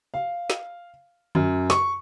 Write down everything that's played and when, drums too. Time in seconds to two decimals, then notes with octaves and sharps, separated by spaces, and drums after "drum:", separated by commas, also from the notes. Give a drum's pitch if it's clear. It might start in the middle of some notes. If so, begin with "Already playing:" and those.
0.14 F5
0.50 drum: snare
1.35 F#2, drum: tom D3
1.70 C#6, drum: snare